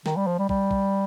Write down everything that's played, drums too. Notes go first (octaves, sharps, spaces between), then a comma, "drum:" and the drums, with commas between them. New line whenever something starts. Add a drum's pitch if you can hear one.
D#3, drum: snare
G3
F3
G3
G3, drum: kick
drum: kick